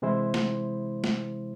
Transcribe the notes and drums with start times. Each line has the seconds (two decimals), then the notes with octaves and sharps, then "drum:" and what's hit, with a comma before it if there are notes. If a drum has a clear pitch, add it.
0.02 C3 E3 G#3 E4 C5
0.34 drum: snare
1.04 drum: snare